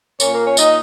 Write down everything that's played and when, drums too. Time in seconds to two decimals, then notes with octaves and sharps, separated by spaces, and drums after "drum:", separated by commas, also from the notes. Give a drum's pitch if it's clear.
0.20 A#2 A#3 C#4 C#5, drum: tambourine
0.32 A#3 A#4
0.44 C#4 C#5
0.57 D#4 D#5, drum: tambourine